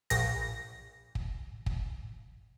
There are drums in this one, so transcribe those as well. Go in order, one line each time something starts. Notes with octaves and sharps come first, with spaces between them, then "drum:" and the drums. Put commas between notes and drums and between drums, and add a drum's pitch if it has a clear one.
A#1 A#6, drum: hi-hat
drum: kick
drum: kick